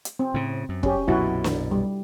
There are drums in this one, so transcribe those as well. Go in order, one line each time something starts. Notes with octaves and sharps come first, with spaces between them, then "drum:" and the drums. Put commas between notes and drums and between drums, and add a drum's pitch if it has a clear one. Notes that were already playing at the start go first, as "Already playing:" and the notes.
drum: hi-hat
C4
A2 C#3
F#2
C#4 G4, drum: kick F1
B1 F#2 A#2 E4 F#4
drum: snare
G3